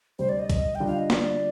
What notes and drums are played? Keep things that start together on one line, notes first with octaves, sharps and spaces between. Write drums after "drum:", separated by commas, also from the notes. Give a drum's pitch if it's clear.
D2 C3 G3 C5
D5
D#5
drum: kick, hi-hat
G5
D3 G3 D4 F4
F5
D#5
D5, drum: snare